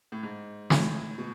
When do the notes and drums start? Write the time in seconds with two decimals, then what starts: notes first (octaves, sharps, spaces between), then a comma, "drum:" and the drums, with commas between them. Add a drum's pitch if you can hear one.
0.12 A2
0.23 G#2
0.70 A2, drum: snare
1.18 B2